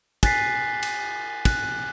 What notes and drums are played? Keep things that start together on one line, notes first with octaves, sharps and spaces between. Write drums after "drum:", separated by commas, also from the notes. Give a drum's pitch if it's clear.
G#5 F#6 A6 B6 C7, drum: kick, cymbal
drum: cymbal
F#6, drum: kick, cymbal